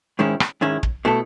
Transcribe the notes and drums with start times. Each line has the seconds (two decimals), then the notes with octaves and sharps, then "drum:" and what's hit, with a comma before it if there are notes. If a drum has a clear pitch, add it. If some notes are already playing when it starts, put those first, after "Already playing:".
0.19 G#2 D#3 G#3 C#4 E4
0.40 drum: rim click
0.61 G#2 D#3 G#3 C#4 E4
0.83 drum: kick
1.05 B2 A3 E4 A4